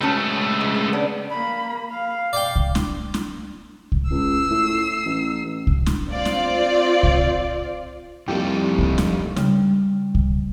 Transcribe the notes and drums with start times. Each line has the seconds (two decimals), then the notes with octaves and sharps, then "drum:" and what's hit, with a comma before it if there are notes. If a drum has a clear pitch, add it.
0.01 C#2 F#3 A3 C#4 A5
0.61 F3 G#3
0.75 G#4
0.93 B3 C#4 D4
1.30 A#3 B5
1.91 F5
2.33 D5 G5
2.56 drum: kick C2
2.75 drum: snare
3.14 drum: snare
3.92 drum: kick C2
4.10 C#2 E6 C7
4.50 A2
5.05 A1
5.67 drum: kick C2
5.86 drum: snare
6.12 C4 F4 D5
6.25 drum: snare
7.03 drum: kick C2
8.28 C2 F2 G3 A#3 D#4 G4 A4
8.78 drum: kick C2
8.98 drum: snare
9.36 C#3 G3, drum: snare
10.15 drum: kick C2